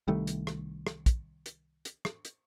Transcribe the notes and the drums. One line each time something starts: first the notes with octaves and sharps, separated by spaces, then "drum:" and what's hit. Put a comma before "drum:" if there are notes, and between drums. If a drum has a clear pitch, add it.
C2 D#3 G3 A3
drum: hi-hat
drum: rim click
drum: rim click
drum: kick, hi-hat
drum: hi-hat
drum: hi-hat
drum: rim click
drum: hi-hat